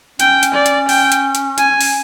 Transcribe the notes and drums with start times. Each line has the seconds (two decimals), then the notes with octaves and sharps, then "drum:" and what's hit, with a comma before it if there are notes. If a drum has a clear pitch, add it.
0.20 C#4 G5, drum: hi-hat
0.43 drum: hi-hat
0.54 D5
0.66 drum: hi-hat
0.89 G5, drum: open hi-hat
1.12 drum: hi-hat
1.35 drum: hi-hat
1.58 G#5, drum: hi-hat
1.81 drum: open hi-hat